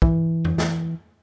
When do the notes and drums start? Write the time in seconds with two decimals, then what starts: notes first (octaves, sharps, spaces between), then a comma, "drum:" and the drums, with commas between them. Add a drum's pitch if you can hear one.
0.02 E3, drum: kick
0.45 drum: tom F2
0.58 drum: snare